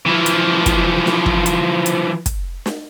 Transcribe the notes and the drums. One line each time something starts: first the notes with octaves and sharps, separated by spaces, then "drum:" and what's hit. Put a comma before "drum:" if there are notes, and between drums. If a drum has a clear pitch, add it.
E3 F3
drum: hi-hat
drum: kick, hi-hat
drum: snare
drum: kick
drum: hi-hat
drum: hi-hat
drum: kick, hi-hat
drum: snare